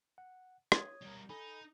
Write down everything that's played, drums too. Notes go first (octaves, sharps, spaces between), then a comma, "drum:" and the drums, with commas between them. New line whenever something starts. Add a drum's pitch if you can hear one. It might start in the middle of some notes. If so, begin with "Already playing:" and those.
F#5
C#5 D#6 G#6, drum: rim click
G3 A#4
D#4 A4 G#5 B5